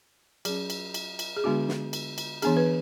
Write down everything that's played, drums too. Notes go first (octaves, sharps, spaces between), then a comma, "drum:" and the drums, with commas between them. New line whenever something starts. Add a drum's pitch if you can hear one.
F#3 C#4 G#4, drum: cymbal
drum: cymbal
drum: cymbal
drum: cymbal
G#4
D3 G#3 B3 D4 F#4
drum: snare
drum: cymbal
drum: cymbal
E3 B3 D4 G#4, drum: cymbal
B4